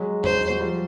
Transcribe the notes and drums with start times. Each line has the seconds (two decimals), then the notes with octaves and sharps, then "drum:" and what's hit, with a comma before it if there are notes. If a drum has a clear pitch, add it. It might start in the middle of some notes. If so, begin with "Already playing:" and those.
Already playing: F#3 G#3
0.24 C5, drum: tom E2
0.50 F#3
0.60 F3 G3